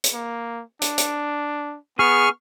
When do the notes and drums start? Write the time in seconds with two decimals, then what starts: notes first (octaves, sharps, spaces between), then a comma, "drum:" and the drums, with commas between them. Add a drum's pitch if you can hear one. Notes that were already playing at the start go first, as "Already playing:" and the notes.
0.04 drum: hi-hat
0.14 A#3
0.82 D4, drum: hi-hat
0.98 drum: hi-hat
1.99 B3 G#4 C#6 F6